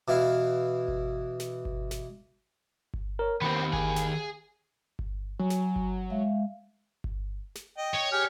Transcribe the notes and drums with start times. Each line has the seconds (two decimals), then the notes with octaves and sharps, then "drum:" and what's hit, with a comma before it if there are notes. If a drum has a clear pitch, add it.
0.08 B2 E3 E4 F5
0.88 drum: kick G1
1.40 drum: snare
1.65 drum: kick G1
1.91 drum: snare
2.94 drum: kick G1
3.19 A#4 C#5
3.41 D#3 B3 C4 G4 A#4 B5
3.73 G#4, drum: kick G1
3.96 drum: snare
4.99 drum: kick G1
5.39 F#3 G#5
5.50 drum: snare
5.76 drum: kick G1
6.10 G#3 E5 F5
7.04 drum: kick G1
7.55 drum: snare
7.78 D#5 G5
7.93 C#5
8.12 G4 G#4 F6